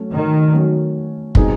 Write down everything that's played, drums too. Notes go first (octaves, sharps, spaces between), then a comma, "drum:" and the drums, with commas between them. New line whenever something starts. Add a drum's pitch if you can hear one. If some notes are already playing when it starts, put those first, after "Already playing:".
Already playing: F#3 A3 C#4 F#4
D#3
F#3 A3 C#4 F#4
B2 G3 C4 D#4 G#4, drum: kick